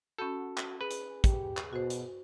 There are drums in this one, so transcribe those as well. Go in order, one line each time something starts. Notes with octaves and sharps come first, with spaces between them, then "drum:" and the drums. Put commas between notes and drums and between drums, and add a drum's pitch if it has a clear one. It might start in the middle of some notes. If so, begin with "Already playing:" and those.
C#4 F#4 A4 B5 G6
drum: clap
G#4 B4
drum: hi-hat
G4, drum: kick, hi-hat
drum: clap
B2 F#4 C5
drum: hi-hat